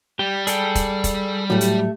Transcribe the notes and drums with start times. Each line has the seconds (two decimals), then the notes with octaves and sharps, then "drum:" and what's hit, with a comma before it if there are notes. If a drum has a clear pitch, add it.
0.19 G3 G4
0.47 G#4 A4 D5 G5, drum: hi-hat
0.75 drum: kick E1, hi-hat
1.04 drum: kick E1, hi-hat
1.50 A2 F#3 A3 G4
1.61 drum: hi-hat